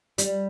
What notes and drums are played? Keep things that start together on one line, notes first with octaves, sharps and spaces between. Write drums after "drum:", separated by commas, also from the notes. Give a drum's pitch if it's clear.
G3, drum: hi-hat